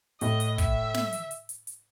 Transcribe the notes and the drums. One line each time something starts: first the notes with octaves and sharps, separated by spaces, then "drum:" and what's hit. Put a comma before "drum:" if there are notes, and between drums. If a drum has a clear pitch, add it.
A2 D#5, drum: hi-hat
drum: hi-hat
E5, drum: kick, hi-hat
drum: snare
drum: hi-hat
drum: hi-hat
drum: hi-hat
drum: hi-hat